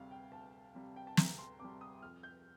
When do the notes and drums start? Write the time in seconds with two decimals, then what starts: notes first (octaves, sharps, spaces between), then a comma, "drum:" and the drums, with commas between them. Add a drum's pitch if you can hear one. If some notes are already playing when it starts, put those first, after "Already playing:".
Already playing: D2 C3 G3 F5
0.11 G5
0.32 D2 A5
0.75 C3 G3
0.96 G5
1.07 A5
1.17 D2 A#5, drum: snare
1.38 C6
1.60 C3 G3 D6
1.81 D#6
2.02 F2 F6
2.23 G6